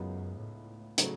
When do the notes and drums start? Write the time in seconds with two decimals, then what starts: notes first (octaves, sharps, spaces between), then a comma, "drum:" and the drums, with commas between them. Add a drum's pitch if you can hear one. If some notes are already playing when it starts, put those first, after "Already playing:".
Already playing: C#2 F#2 C#3 G#3 B3 D#4
0.37 A2
0.98 C#3 F#3 A3, drum: hi-hat